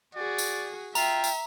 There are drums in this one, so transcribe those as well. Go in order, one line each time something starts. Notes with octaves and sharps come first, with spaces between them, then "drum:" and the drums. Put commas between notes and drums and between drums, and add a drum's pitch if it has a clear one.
F#4 G#4 D5
drum: tambourine
F4 E5 G5 A#5, drum: tambourine
drum: tambourine